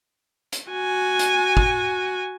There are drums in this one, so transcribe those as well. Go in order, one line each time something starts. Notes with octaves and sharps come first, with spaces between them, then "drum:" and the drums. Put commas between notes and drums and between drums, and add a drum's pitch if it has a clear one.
drum: hi-hat
F#4 G#5
drum: hi-hat
drum: kick